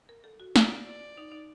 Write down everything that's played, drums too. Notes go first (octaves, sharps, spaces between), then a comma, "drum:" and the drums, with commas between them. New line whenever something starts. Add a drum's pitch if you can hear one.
A#4
A4
F#4
F4 D5, drum: snare
E4 D5
D#4
D#4